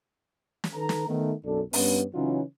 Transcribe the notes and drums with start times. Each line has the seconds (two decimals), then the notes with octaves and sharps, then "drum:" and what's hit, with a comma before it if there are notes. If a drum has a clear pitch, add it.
0.64 drum: snare
0.75 D#3 A4 B4 A#5
0.89 drum: snare
1.08 D#3 A3 B3
1.44 B1 F#2 D4 A4
1.73 G2 B3 C#4, drum: open hi-hat
2.14 C#3 E3 F#3 C#4 D#4 F4